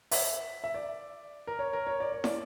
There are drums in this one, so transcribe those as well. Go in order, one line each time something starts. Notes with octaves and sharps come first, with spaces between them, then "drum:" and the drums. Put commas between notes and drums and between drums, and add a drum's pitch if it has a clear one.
E5, drum: open hi-hat
E5
D5
A#4
C#5
A#4
C#5
D5
C#5
D5, drum: snare